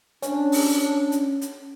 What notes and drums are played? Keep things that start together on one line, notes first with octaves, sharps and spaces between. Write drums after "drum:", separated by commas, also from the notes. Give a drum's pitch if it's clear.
C#4 D4, drum: hi-hat
drum: open hi-hat
drum: hi-hat
drum: hi-hat